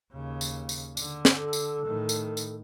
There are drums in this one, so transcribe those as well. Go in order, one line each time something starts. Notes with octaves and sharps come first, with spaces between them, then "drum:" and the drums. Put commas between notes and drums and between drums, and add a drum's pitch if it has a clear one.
D#2 C#3
drum: tambourine
drum: tambourine
D3, drum: tambourine
drum: snare
A4
drum: tambourine
A2 D#3
drum: tambourine
drum: tambourine